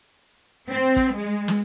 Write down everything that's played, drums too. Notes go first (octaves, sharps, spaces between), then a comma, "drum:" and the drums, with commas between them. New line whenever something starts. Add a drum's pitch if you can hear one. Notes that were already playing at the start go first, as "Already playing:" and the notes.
C4
drum: kick, hi-hat
G#3
drum: snare